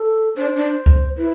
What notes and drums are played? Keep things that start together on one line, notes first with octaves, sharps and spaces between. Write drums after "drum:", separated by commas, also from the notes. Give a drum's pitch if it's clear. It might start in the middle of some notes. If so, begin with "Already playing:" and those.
Already playing: A4
D4 C5
D4
drum: kick C#2
E4 B4